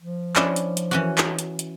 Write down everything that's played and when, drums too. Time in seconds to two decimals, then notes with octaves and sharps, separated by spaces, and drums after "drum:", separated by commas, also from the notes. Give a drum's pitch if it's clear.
0.02 F3
0.36 C#4 D4 E4, drum: clap
0.56 drum: hi-hat
0.77 drum: hi-hat
0.91 E3 C#4 F#4
1.18 drum: clap
1.39 drum: hi-hat
1.59 drum: hi-hat